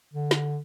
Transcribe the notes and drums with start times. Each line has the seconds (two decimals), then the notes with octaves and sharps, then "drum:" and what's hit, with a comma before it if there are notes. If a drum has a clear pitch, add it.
0.14 D3
0.31 drum: snare